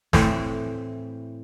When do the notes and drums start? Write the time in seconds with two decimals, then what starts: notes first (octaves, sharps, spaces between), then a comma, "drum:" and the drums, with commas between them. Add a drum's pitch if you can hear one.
0.13 A2 E3 C4, drum: snare